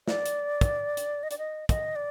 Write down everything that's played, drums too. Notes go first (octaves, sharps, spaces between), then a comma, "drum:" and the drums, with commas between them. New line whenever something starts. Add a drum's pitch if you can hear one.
D5, drum: snare
drum: hi-hat
drum: kick, hi-hat
drum: hi-hat
D#5
D5, drum: hi-hat
D#5
D#5, drum: kick, hi-hat
D5